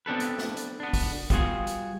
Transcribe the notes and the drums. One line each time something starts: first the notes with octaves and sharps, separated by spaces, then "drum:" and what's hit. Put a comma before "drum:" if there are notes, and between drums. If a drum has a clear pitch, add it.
B3 C4 D4 A4 B4
drum: hi-hat
drum: snare
drum: hi-hat
B3 D4
drum: kick, open hi-hat
G3 B3 F4 F#4 G#4, drum: kick, hi-hat
drum: hi-hat